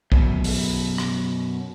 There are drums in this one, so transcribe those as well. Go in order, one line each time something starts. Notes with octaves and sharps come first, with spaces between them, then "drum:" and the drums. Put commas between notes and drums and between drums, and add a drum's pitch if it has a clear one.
F#2 B2, drum: kick
drum: open hi-hat
drum: rim click